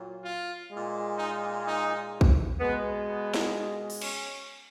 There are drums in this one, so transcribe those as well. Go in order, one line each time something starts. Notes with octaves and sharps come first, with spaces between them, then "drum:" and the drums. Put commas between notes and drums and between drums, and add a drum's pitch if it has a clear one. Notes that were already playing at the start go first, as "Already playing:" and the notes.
Already playing: A#2 F#3
F4
A#2 G#3
D#4
D#4
drum: kick
B2 G#3 B3
B3
drum: snare
drum: open hi-hat
C#4, drum: cymbal